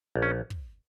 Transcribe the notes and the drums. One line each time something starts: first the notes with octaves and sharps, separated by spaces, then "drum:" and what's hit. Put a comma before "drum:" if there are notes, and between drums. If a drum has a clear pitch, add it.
A#1
C#4
drum: kick